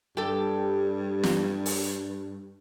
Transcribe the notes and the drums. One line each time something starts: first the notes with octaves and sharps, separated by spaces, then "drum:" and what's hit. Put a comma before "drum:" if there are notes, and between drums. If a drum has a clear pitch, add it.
G2 G3 G4 A4
drum: snare
drum: open hi-hat